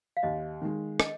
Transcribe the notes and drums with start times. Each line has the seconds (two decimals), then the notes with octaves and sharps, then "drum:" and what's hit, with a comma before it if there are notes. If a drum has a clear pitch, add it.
0.17 F5
0.23 D#2 D#5
0.61 D#3 G#3
1.00 D#5, drum: rim click